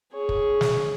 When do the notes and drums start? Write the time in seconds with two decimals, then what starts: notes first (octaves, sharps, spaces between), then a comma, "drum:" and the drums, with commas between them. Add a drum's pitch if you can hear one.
0.13 G#4 C#5
0.29 drum: kick
0.61 drum: snare